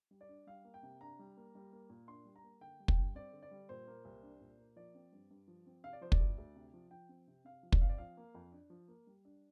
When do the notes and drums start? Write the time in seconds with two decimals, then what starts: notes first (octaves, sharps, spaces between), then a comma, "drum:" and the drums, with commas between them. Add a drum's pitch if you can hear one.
0.11 G3
0.21 D5
0.28 D4
0.47 G3 F5
0.65 A#3
0.74 G5
0.83 C3
1.01 D4 A#5
1.19 G3
1.37 A#3
1.55 G3
1.73 A#3
1.90 A#2
2.08 D4 C6
2.25 G3
2.36 A#5
2.44 A#3
2.61 D3 G5
2.80 G3
2.88 G5, drum: kick
2.98 G2
3.15 C4 D5
3.33 D3
3.42 D5
3.51 G3
3.69 A#2 C5
3.88 A#3
4.05 C2
4.22 D4
4.41 A#2
4.58 A#3
4.76 F3 D5
4.95 C4
5.13 G2
5.31 G2
5.48 F3
5.66 C4
5.84 C3 F5
5.93 D5
6.01 F3 C5
6.12 D5, drum: kick
6.20 D2
6.38 D2
6.55 C3
6.74 F3
6.91 F3 G5
7.09 C4
7.28 C3
7.45 C3 F5
7.63 F3
7.72 D5, drum: kick
7.81 C4 F5
7.89 D5
7.98 F3 F5
8.17 A#3
8.34 F2
8.52 D4
8.70 F3
8.88 A#3
9.07 G3
9.25 D4